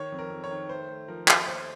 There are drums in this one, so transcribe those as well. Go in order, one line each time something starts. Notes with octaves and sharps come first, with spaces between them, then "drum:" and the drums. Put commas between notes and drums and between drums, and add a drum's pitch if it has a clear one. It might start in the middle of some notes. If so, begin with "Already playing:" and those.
Already playing: D#3 C#5
F2
A#4
F2
C#5
D#3
A3 C5
A3
F3 A#4
A3, drum: clap
D#2 C5